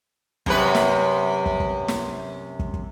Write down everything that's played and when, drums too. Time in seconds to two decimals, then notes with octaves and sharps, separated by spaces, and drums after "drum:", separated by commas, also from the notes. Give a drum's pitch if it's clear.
0.46 F#2 C3 B4, drum: kick
0.75 drum: snare
1.46 drum: kick
1.60 drum: kick
1.88 drum: snare
2.59 drum: kick
2.74 drum: kick